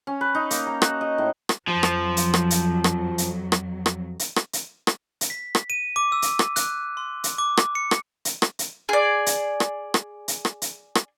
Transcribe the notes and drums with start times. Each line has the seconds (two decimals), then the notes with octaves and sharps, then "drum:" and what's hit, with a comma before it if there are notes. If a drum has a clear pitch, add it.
0.07 C#4
0.21 B4
0.35 D#4
0.51 A#3, drum: hi-hat
0.67 A#5
0.82 F#4, drum: rim click
1.01 D#5
1.18 A2
1.49 drum: rim click
1.68 F2 F3 F#3
1.83 drum: rim click
2.17 drum: hi-hat
2.34 drum: rim click
2.50 drum: hi-hat
2.84 drum: rim click
3.18 drum: hi-hat
3.52 drum: rim click
3.86 drum: rim click
4.19 drum: hi-hat
4.36 drum: rim click
4.53 drum: hi-hat
4.87 drum: rim click
5.21 drum: hi-hat
5.30 B6
5.55 drum: rim click
5.70 D#7
5.96 D6
6.12 E6
6.22 drum: hi-hat
6.39 drum: rim click
6.56 F#6, drum: hi-hat
6.97 C6
7.24 drum: hi-hat
7.38 D6
7.57 drum: rim click
7.75 C#7
7.91 drum: rim click
8.25 drum: hi-hat
8.42 drum: rim click
8.59 drum: hi-hat
8.89 G#4 D5
9.26 drum: hi-hat
9.60 drum: rim click
9.94 drum: rim click
10.28 drum: hi-hat
10.45 drum: rim click
10.62 drum: hi-hat
10.95 drum: rim click